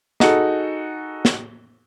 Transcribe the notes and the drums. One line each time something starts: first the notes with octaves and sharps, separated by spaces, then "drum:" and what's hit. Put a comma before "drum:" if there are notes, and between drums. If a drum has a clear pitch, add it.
D#4 F#4 G#4 A4, drum: snare
drum: snare